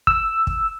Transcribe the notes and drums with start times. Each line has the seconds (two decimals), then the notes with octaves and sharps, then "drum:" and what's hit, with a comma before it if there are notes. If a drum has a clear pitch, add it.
0.07 E6, drum: kick
0.47 drum: kick